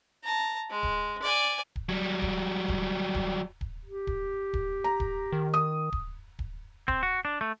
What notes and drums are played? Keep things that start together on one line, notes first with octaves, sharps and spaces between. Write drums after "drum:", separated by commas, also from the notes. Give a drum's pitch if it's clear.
A5 A#5
G#3
drum: kick D1
D5 G#5
drum: kick D1
F#3 G3
drum: kick D1
drum: kick D1
drum: kick D1
drum: kick D1
G4
drum: kick D1
drum: kick D1
A#5
drum: kick D1
D#3
D#6
drum: kick D1
drum: kick D1
C4, drum: kick D1
F#4
D4
A3